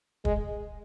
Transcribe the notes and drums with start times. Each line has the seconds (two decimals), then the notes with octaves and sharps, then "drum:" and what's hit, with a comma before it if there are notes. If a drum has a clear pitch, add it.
0.25 G#3, drum: kick